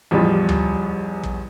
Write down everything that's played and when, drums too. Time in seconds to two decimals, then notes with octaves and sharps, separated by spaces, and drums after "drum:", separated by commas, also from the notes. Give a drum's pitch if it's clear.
0.11 A1 E2 F3 G3
0.49 drum: tom D2
1.23 drum: kick